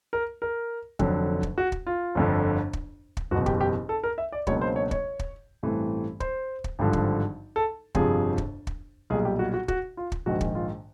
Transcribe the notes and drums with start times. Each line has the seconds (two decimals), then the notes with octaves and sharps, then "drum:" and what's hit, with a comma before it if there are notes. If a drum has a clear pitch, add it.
0.13 A#4
0.42 A#4
0.99 F1 F2 D3 F#3, drum: kick
1.43 drum: kick
1.58 F#4
1.72 drum: kick
1.87 F4
2.15 G1 F2 D3
2.73 drum: kick
3.17 drum: kick
3.31 F#1 E2 B2 F#4
3.46 G4, drum: kick
3.61 G4
3.89 A4
4.04 A#4
4.18 E5
4.32 D5
4.47 C#2 B2 F#3 A#3 D4 C#5, drum: kick
4.61 C5
4.76 C#5
4.91 C#5, drum: kick
5.19 drum: kick
5.63 A1 G2 E3 A3 C4
6.20 C5, drum: kick
6.64 drum: kick
6.79 G#1 G2 D3 F3
6.93 drum: kick
7.56 A4
7.95 G1 F2 C3 F3 G#4, drum: kick
8.38 drum: kick
8.67 drum: kick
9.10 B1 A#2 G3 G#4
9.25 G4
9.39 F#4
9.54 F#4
9.68 F#4, drum: kick
9.97 F4
10.12 drum: kick
10.26 A#1 G#2 D#3 F#4
10.41 drum: kick
10.55 F4